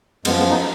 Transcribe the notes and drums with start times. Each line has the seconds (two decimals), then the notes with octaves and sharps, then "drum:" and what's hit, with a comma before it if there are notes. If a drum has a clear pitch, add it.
0.25 F#2 F3 G#3 B3, drum: cymbal
0.38 G#3 B3
0.50 B3 D#4